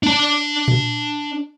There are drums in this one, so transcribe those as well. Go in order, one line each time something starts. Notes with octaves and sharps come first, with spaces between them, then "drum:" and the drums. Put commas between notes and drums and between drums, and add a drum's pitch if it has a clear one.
D4 A5
drum: tom A#2